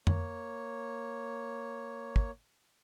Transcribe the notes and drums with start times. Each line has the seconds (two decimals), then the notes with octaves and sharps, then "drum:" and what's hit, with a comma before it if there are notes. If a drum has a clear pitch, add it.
0.07 A#3 C#5, drum: tom F2
2.16 drum: kick